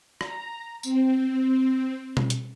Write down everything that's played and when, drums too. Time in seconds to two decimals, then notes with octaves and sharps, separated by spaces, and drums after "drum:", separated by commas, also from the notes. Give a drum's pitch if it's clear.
0.21 A#5, drum: rim click
0.83 C4, drum: tambourine
2.17 drum: tom B2
2.30 drum: hi-hat